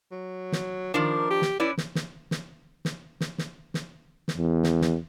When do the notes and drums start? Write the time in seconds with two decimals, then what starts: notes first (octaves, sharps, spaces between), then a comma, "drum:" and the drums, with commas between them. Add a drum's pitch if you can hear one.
0.11 F#3
0.52 drum: snare
0.94 D#3 F3 D4 A#4
1.31 G4
1.42 drum: snare
1.60 C#4 E4 B4 D5
1.78 drum: snare
1.95 drum: snare
2.31 drum: snare
2.85 drum: snare
3.21 drum: snare
3.38 drum: snare
3.74 drum: snare
4.28 drum: snare
4.37 E2
4.64 drum: snare
4.81 drum: snare